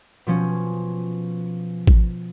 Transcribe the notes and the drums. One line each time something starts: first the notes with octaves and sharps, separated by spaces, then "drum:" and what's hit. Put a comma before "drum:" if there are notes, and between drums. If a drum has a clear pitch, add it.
B2 F3 C#4
drum: kick A1